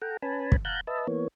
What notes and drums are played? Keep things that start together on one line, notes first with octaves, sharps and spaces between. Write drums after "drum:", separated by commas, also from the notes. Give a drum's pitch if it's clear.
A4 F#5 G5 A#5
C#4 B4 G#5 A5 B5
drum: kick
F5 F#5 A5 A#5 F#6 G6
B4 D#5 E5 A5
E3 A#3 B3 C#5